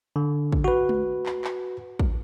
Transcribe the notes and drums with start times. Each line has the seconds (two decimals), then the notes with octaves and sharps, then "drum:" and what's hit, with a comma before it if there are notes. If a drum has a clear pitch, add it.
0.16 D3
0.52 drum: kick
0.64 F#4 B4
0.89 drum: tom G#3
1.26 drum: clap
1.44 drum: clap
1.99 drum: kick